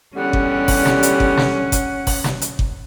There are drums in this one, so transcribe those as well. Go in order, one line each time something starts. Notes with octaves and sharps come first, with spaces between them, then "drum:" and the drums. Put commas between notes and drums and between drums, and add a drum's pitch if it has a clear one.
E2 D3 G3 C#4 F#5
drum: kick G1
drum: kick G1, open hi-hat
drum: snare
drum: hi-hat
drum: kick G1
drum: snare
drum: kick G1, hi-hat
drum: kick G1, open hi-hat
drum: snare
drum: hi-hat
drum: kick G1